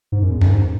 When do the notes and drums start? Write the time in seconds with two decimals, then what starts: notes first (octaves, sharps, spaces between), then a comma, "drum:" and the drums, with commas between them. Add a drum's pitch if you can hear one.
0.12 G#2
0.22 F#2
0.31 E2
0.41 F#2, drum: tom E2
0.50 G#2